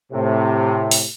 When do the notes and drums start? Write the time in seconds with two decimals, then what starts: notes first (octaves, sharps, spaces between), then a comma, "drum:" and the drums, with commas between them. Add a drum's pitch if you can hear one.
0.12 A2 C3
0.91 drum: open hi-hat